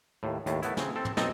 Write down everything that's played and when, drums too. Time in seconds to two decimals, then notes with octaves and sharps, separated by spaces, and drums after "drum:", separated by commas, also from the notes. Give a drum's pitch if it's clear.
0.23 D#2 A2
0.46 D#2 A2, drum: hi-hat
0.62 A3 B3 E4, drum: hi-hat
0.77 C#3 C4, drum: snare
0.96 C4 A4
1.05 drum: tom
1.17 B1 C4 D#4 A4 D#5 G5, drum: snare